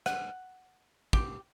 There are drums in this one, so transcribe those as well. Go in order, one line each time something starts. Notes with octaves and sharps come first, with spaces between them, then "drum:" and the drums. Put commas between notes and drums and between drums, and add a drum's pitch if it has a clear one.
F#5, drum: rim click
G4, drum: kick